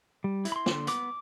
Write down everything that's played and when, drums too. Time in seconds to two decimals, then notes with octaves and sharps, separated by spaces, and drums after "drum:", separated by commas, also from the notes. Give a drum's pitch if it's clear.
0.24 G3
0.45 E4, drum: hi-hat
0.52 B5
0.56 C6
0.66 D3, drum: snare
0.87 B3 D6, drum: hi-hat